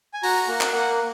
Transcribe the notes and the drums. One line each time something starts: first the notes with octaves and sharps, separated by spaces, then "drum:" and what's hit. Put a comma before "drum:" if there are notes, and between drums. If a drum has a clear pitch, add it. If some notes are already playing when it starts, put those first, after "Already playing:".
G#5
F#4 A#5, drum: open hi-hat
A#3 F#5
drum: clap
A#3 F#5